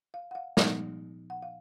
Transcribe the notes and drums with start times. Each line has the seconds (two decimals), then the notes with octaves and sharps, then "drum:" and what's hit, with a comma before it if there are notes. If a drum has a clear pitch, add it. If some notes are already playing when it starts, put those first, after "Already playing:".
0.14 F5
0.31 F#5
0.35 F5
0.57 A#2 F3 B3 D#4 F#5, drum: snare
1.30 F#5
1.42 F5